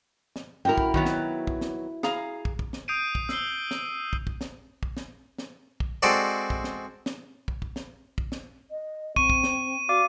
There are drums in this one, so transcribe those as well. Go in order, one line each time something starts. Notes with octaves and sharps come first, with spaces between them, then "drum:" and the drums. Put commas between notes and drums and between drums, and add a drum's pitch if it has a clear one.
drum: snare
F#2 E4 F#4 A#4 G5
drum: kick
D#3 F#3 B3, drum: kick
drum: snare
drum: kick
drum: snare
G#4 F5 A#5, drum: snare
drum: kick
drum: kick
drum: snare
D#6 G6 C7 D7 D#7
drum: kick
E6 C7 G7, drum: snare
drum: snare
drum: kick
drum: kick
drum: snare
drum: kick
drum: snare
drum: snare
drum: kick
G#3 C4 F#4 A4 D5
drum: kick
drum: snare
drum: snare
drum: kick
drum: kick
drum: snare
drum: kick
drum: snare
D#5
C4 C#6 D#7, drum: kick
drum: kick
drum: snare
F#4 D5 F5 D6